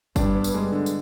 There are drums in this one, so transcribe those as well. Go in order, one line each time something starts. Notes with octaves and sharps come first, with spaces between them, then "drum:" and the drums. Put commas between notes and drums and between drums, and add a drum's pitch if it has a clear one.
G2 D4, drum: kick G1, tambourine
B3
drum: tambourine
G#3
D3
drum: tambourine